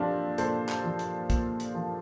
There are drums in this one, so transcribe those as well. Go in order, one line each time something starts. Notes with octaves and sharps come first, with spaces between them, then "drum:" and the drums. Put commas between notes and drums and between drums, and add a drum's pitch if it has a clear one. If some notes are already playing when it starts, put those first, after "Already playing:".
Already playing: A#2 F3 C4 D4 F4 G4 A4
A#2 A4 C5, drum: hi-hat
drum: clap
F3
drum: hi-hat
A#2, drum: kick, hi-hat
drum: hi-hat
F3